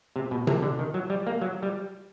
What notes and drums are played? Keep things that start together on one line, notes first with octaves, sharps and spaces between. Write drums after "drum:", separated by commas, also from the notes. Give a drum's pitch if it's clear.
C3
B2
C3, drum: tom C3
D3
D#3
F#3
G3
A#3
F#3
G3